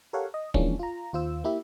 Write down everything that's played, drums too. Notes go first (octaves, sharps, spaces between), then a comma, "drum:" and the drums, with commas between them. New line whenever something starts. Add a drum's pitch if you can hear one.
G4 A4 A#4 C#5 F5 F#5
D#5
E3 F3 G#3 A#3 C#4 D4, drum: kick
F4 A#5
D#2 F4 C5 E6
A#3 E4 G4 E5